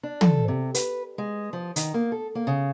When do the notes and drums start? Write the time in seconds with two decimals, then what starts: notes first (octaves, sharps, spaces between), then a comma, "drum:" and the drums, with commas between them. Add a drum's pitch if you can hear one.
0.03 D4
0.21 A4, drum: tom
0.48 C3
0.74 B4, drum: hi-hat
1.18 G#3
1.53 F3
1.76 D#3, drum: hi-hat
1.94 A#3
2.12 A4
2.35 A#3
2.47 C#3